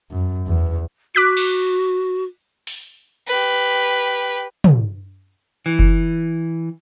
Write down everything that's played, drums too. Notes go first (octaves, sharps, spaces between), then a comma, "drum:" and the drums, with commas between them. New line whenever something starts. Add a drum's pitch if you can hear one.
F#2
E2
F#4 D6 F#6 B6
drum: cymbal
drum: open hi-hat
G4 B4
drum: tom
E3
drum: kick F#1